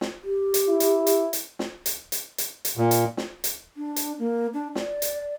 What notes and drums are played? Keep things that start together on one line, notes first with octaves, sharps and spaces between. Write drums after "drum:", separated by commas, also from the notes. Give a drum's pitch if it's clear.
drum: snare
G4
drum: hi-hat
E4
drum: hi-hat
drum: hi-hat
drum: hi-hat
drum: snare
drum: hi-hat
drum: hi-hat
drum: hi-hat
drum: hi-hat
A#2
drum: hi-hat
drum: snare
drum: hi-hat
D4
drum: hi-hat
A#3
D4
D5, drum: snare
drum: hi-hat